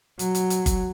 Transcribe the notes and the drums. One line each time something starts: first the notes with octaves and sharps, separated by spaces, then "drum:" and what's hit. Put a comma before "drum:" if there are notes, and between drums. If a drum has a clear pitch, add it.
F#3, drum: hi-hat
drum: hi-hat
drum: hi-hat
drum: kick G1, hi-hat